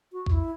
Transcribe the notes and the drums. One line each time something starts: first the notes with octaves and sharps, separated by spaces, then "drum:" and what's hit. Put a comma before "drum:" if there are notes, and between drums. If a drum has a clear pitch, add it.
F#4
E2 E4, drum: kick A#1